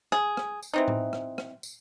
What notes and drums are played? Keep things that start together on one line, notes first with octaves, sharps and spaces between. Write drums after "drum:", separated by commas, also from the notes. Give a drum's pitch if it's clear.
G#4, drum: rim click
drum: rim click
drum: tambourine
E3 C4 D#4
drum: tom A2
drum: rim click
drum: rim click
drum: tambourine